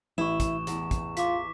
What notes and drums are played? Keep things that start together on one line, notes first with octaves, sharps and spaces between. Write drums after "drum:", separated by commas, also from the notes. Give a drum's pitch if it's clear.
A1 E4 C#6 E7
drum: kick, hi-hat
E2, drum: hi-hat
drum: kick, hi-hat
F4 D6 B6, drum: hi-hat